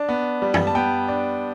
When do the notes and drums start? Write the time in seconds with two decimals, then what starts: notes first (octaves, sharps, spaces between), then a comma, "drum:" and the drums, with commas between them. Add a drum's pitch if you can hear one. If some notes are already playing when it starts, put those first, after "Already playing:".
Already playing: D4 A5
0.09 B3
0.42 G3
0.54 drum: tom
0.67 A5
0.75 B3 G5
1.08 D4